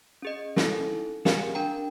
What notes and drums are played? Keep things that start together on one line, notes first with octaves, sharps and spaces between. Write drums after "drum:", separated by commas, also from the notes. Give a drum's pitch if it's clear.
C#4 G#4 D#5
C#4 D#4 E4 A4, drum: snare
G4 G#4 A#4 F5 F#5 G#5, drum: snare
D4 A#4 G5 A#5